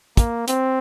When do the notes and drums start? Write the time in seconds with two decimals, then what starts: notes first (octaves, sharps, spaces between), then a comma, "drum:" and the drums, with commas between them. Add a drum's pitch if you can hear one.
0.17 A#3, drum: kick, hi-hat
0.48 C4, drum: hi-hat